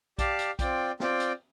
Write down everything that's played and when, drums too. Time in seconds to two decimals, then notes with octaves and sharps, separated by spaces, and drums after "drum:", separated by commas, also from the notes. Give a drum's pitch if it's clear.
0.19 G4 D5 F5 A5, drum: kick A#1, hi-hat
0.39 drum: hi-hat
0.59 C4 F4 D5 G5, drum: kick A#1, hi-hat
1.00 C4 F4 D5 G5, drum: snare
1.20 drum: hi-hat